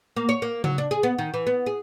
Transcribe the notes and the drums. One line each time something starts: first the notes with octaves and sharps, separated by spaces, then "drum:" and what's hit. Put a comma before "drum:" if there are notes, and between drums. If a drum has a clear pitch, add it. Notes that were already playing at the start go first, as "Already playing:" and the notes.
A#3
C#5
A#3
F#3, drum: tom C#3
D4
G#4
B3
D#3
E3
B3
G#4